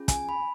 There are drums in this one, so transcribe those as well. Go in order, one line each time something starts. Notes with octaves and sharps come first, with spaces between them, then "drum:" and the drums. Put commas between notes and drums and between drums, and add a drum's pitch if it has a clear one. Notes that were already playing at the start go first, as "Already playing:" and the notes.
Already playing: C#4 F4 G#4
G#5, drum: kick, hi-hat
B5